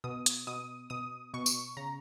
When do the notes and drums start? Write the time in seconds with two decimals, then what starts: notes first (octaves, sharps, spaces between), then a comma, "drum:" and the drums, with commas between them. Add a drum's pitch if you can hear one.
0.04 B2 D#6
0.26 drum: hi-hat
0.47 B2 D#6
0.90 B2 D#6
1.34 B2 C#6
1.46 drum: tambourine
1.77 C#3 A#5